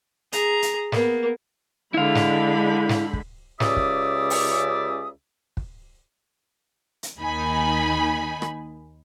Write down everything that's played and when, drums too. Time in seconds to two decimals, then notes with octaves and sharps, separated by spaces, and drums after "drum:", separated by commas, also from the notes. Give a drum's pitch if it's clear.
0.32 G#4 A#5, drum: hi-hat
0.62 drum: hi-hat
0.92 A#3 B3, drum: snare
1.94 D3 G#3 E4 F5 B5
2.15 drum: snare
2.89 drum: snare
3.13 drum: kick
3.60 C#2 C#3 G4 D5 E5 D#6, drum: snare
3.77 drum: kick
4.30 drum: open hi-hat
5.57 drum: kick
7.03 drum: hi-hat
7.18 D#2 D#3 D#4 G#5 B5
8.42 drum: rim click